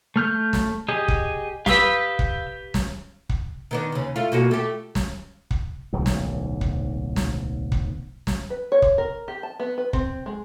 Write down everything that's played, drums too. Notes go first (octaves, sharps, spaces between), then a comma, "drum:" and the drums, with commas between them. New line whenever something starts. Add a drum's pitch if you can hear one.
A3 F6 G6
drum: snare
G4 G#4 D#5
drum: kick
G4 B4 F5 D#6 E6, drum: snare
drum: kick
drum: snare
drum: kick
D#3 B3 D4
D#2 C#3
A3 F4
B2 A#3 F#4
A3 G4
drum: snare
drum: kick
D1 B1 G#2
drum: snare
drum: kick
drum: snare
drum: kick
drum: snare
B4
C#5
drum: kick
A#4
G4
A5
B3
B4
C4, drum: kick
G#3